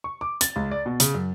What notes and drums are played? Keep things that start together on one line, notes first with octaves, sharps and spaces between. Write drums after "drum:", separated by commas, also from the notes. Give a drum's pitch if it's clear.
C#6
D6
A6, drum: hi-hat
C#2
D5
B2
C#3, drum: hi-hat
F#2